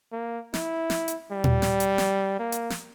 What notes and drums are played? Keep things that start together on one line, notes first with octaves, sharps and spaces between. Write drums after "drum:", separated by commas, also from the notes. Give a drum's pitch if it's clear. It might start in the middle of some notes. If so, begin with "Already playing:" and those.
A#3
E4, drum: snare
drum: snare
drum: hi-hat
G3
drum: tom
drum: snare
drum: hi-hat
drum: snare
A#3
drum: hi-hat
drum: snare